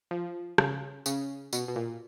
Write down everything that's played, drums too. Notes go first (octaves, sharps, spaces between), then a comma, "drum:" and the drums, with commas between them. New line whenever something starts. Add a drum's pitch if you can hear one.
F3
C#3, drum: rim click
C#3, drum: tambourine
B2, drum: tambourine
B2
A#2